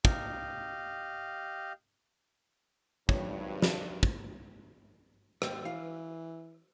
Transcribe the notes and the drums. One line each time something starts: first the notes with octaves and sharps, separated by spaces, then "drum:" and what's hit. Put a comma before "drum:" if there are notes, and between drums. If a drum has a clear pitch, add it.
G4 D#5 F5, drum: kick
G#1 G2 D#3 F#3 C#5, drum: kick
drum: snare
drum: kick
D#2 G#2 G3, drum: rim click
E3 F5